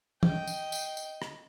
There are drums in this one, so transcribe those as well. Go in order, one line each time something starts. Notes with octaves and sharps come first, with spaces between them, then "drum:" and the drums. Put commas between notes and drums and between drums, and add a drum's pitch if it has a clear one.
D#5 G5, drum: tom
drum: tambourine
drum: tambourine
drum: tambourine
drum: rim click